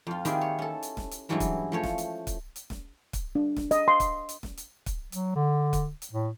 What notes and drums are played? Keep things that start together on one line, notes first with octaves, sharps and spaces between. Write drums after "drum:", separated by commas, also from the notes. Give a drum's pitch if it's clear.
F2 F4
D#3 A#3 C4 E4 G4 G#4, drum: hi-hat
C#5
C#4 A4
drum: hi-hat
drum: snare
drum: hi-hat
G2 E3 F#3 G#3 C#4 E4
drum: kick, hi-hat
F3 A3 C#5
drum: snare
drum: hi-hat
drum: kick, hi-hat
drum: hi-hat
drum: snare
drum: kick, hi-hat
D4
drum: snare
D#5, drum: hi-hat
C6
drum: kick, hi-hat
drum: hi-hat
drum: snare
drum: hi-hat
drum: kick, hi-hat
F#3, drum: hi-hat
D3
drum: kick, hi-hat
drum: hi-hat
A2